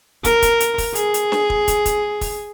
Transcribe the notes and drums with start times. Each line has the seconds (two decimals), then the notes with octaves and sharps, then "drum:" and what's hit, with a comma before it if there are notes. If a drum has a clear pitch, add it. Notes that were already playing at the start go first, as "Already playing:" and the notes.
0.25 A#4, drum: kick, hi-hat
0.42 drum: kick, hi-hat
0.60 drum: hi-hat
0.78 drum: kick, open hi-hat
0.95 G#4, drum: hi-hat
1.14 drum: hi-hat
1.32 drum: snare
1.50 drum: kick
1.68 drum: kick, hi-hat
1.86 drum: kick, hi-hat
2.21 drum: kick, open hi-hat